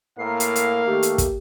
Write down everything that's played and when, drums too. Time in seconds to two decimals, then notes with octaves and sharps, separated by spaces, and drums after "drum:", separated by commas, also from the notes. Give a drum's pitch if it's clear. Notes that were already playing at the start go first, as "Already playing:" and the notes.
0.19 A2 A#3 A#4 F5 C7
0.40 drum: hi-hat
0.56 drum: hi-hat
0.87 D#3 A3 G4
1.03 drum: hi-hat
1.18 drum: kick, hi-hat